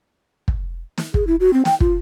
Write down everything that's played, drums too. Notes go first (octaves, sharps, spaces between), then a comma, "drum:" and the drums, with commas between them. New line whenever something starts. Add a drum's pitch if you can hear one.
drum: kick
drum: snare
G#4, drum: kick
E4
F#4
C4
G5, drum: snare
F4, drum: kick